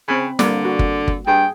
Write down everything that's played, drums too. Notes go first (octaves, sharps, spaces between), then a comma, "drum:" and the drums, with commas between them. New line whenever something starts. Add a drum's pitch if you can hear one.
C#3 C4 B5
D3 G3 A#3, drum: snare
F#4
drum: kick G1
drum: kick G1
G2 G#4 G5